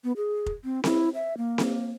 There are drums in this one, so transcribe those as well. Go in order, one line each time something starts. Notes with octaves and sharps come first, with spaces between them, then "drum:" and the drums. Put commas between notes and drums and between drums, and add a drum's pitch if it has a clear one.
B3
G#4
drum: kick F1
C4
E4, drum: snare C4
E5
A#3
drum: snare C4